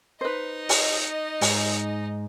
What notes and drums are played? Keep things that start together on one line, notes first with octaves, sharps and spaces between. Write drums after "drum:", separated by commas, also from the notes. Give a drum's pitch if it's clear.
D#4 B4 C5 D#5
drum: open hi-hat
G#2, drum: open hi-hat